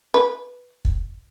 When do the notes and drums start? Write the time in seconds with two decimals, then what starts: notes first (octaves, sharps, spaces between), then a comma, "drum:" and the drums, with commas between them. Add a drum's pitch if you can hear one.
0.14 B4
0.85 drum: kick